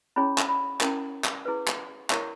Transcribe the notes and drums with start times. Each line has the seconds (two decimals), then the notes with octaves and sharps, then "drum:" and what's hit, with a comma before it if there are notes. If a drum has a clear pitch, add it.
0.16 C#4 E4 G#4 C#5 B5
0.38 drum: clap
0.49 B5
0.81 C#4 E4 A#4, drum: clap
1.24 drum: clap
1.45 E4 G#4 B4
1.68 drum: clap
2.10 E4 A#4 C#5 C#6, drum: clap